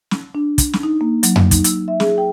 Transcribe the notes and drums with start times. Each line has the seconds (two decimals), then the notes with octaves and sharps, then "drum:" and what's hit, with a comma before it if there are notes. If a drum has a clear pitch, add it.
0.11 drum: snare
0.35 D4
0.58 drum: kick, hi-hat
0.73 drum: snare
0.83 D#4
1.01 A#3
1.23 F#3, drum: hi-hat
1.36 drum: tom F2
1.51 D#4, drum: kick, hi-hat
1.64 E6, drum: hi-hat
1.88 E5
2.00 G#4, drum: snare
2.18 G5